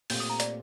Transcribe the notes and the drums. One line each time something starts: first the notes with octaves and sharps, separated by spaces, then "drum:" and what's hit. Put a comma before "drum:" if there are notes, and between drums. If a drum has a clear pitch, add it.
A#2 A3 C4 G4 G6, drum: open hi-hat
D#6
A#5
D5, drum: hi-hat